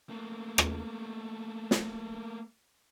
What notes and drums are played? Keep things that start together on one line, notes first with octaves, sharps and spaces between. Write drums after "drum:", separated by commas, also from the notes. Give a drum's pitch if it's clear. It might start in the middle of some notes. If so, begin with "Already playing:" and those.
A3 A#3
drum: rim click
drum: snare